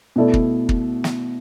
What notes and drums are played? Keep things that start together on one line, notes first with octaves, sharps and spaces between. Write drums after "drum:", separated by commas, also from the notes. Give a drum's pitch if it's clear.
B2 A3 E4 A4 D5
drum: kick
drum: kick
drum: snare